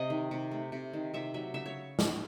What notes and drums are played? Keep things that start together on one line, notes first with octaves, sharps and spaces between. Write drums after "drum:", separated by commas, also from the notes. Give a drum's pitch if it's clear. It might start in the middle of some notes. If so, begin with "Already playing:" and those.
Already playing: C3 D#5
D#3
C3
A3
C3
D#3
C3 E5
F#3 E5
C#3 E5
C#5
drum: snare